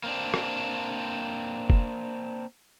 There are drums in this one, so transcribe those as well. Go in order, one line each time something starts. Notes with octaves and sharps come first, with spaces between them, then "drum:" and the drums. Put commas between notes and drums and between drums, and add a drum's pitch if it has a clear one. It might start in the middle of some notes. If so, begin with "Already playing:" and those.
A#3 C4 D4
drum: rim click
drum: kick